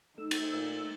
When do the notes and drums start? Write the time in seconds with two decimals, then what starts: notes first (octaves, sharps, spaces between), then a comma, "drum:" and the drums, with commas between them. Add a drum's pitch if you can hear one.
0.18 A3 D#4 E6
0.31 drum: cymbal
0.53 A#2